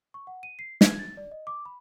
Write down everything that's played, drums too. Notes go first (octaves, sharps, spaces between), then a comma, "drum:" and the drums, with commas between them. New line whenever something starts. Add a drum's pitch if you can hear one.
C#6
F#5
D#7
C7
G#6, drum: snare
A6
D5
D#5
D6
B5